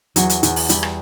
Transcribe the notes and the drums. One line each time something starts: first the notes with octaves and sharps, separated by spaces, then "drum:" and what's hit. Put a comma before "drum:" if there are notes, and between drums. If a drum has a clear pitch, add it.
E2 F#3, drum: hi-hat
drum: hi-hat
E2, drum: hi-hat
drum: open hi-hat
E2 G3, drum: hi-hat
drum: rim click